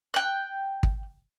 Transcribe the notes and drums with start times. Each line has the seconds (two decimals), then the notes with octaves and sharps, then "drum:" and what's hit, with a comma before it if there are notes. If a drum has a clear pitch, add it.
0.14 G5 F#6
0.83 drum: kick